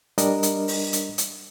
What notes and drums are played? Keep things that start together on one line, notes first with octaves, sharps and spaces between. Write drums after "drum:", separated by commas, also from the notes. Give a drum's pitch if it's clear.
G3 D4 A#4 D#5, drum: hi-hat
drum: hi-hat
drum: open hi-hat
drum: hi-hat
drum: hi-hat